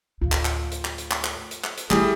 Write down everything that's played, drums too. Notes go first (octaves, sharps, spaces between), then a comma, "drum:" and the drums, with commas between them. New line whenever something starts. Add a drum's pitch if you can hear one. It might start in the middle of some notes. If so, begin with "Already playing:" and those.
D2 A2 F4
drum: clap
drum: clap
drum: hi-hat
drum: clap
drum: hi-hat
drum: clap
drum: clap
drum: hi-hat
drum: clap
drum: hi-hat
E3 G3 A3 D#4 E4 G#4, drum: clap